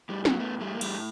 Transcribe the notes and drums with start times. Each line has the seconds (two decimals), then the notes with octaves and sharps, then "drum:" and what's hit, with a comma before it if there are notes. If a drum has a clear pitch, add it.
0.09 A2 G3
0.25 F#3, drum: snare
0.39 A2 A3 B3
0.61 G3 A3
0.71 A2 A#3
0.81 G3 A3, drum: cymbal